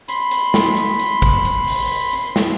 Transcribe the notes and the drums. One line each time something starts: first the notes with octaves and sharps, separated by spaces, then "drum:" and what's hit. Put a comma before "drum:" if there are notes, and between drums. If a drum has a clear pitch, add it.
B5 C6, drum: hi-hat
drum: hi-hat
drum: snare
drum: hi-hat
drum: hi-hat
drum: kick, hi-hat
drum: hi-hat
drum: open hi-hat
drum: hi-hat
drum: snare